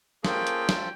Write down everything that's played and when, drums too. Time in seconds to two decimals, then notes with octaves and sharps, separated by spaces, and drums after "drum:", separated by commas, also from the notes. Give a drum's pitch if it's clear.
0.25 A#3 C#4 F4 G#4 A4 C5 G5, drum: snare
0.47 drum: hi-hat
0.69 drum: snare